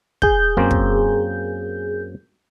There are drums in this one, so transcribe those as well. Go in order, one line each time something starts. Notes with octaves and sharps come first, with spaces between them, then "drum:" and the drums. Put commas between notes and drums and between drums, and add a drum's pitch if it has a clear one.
G#4 G6, drum: kick
F#2 A#3 C4
drum: kick